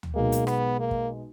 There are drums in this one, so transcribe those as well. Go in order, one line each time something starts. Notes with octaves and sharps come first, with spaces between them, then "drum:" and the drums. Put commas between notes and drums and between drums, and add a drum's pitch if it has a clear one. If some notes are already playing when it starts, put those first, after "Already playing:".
drum: tom D2
B1 B2 G#3 A#3
drum: hi-hat
B3, drum: rim click
A#3
drum: kick